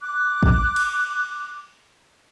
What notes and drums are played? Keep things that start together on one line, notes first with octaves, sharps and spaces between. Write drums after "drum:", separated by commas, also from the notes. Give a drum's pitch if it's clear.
D6 F#6
drum: kick
drum: cymbal